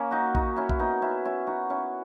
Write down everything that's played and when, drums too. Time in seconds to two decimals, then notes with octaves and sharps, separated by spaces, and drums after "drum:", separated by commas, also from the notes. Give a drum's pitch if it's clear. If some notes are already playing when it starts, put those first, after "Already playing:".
Already playing: A#3 C#4
0.11 D#4 F#4
0.35 D#4 F#4, drum: kick
0.56 C#4 E4
0.69 E4, drum: kick
0.79 B3 D#4
1.02 C#4 E4
1.25 C#4 E4
1.47 D#4 F#4
1.70 C#4 E4